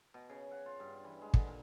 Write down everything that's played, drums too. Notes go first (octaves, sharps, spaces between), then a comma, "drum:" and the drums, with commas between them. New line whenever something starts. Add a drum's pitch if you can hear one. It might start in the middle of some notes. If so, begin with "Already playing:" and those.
B2
C#3
F#5
F4
G2
E3
G#3
D3, drum: kick
A#2